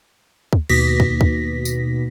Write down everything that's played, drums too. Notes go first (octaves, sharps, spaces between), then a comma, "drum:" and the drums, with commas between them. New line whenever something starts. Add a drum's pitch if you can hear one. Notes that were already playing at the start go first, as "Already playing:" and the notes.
drum: kick
D#2 B2 A#6 B6, drum: cymbal
drum: kick
drum: kick
drum: tambourine